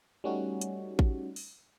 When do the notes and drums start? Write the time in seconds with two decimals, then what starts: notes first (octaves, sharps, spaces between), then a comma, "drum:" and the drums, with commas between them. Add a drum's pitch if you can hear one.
0.24 G3 A3 C#4 D#4 F#4
0.61 drum: hi-hat
0.99 drum: kick A1
1.36 drum: open hi-hat